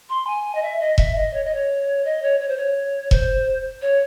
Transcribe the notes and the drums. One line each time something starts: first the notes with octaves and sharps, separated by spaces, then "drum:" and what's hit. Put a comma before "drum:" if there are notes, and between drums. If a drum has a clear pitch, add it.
C6
G#5
D#5
E5
D#5
E5, drum: kick E1
D#5
C#5
D#5
C#5
D#5
C#5
C#5
C5
C#5
C5, drum: kick E1
C#5